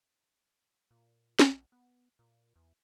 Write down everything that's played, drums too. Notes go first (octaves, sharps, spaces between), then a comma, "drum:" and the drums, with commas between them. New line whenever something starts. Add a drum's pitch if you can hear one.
A#2
drum: snare
A#1
B3
A#2
E2